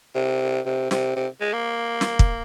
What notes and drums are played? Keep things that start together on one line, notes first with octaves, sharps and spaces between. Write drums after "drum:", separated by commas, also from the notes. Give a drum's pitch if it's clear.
C3
C3
C3, drum: snare
C3
G#3
A#3
drum: snare
drum: kick